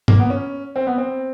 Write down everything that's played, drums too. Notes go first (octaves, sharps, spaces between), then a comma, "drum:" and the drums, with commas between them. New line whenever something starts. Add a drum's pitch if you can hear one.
A#3, drum: tom G2
B3
C#4
C4
B3
C4